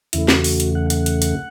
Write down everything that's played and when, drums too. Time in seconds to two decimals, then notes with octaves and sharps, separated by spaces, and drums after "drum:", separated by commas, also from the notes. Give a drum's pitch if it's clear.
0.13 E2 C#3 A3 E4, drum: hi-hat
0.28 F#4, drum: snare
0.44 drum: open hi-hat
0.60 drum: hi-hat
0.75 F#5
0.90 F#5, drum: hi-hat
1.06 drum: hi-hat
1.22 drum: hi-hat